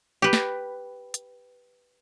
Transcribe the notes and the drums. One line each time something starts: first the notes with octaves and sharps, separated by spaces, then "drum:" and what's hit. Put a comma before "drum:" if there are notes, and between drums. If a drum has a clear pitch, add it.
G4 B4
drum: snare
drum: hi-hat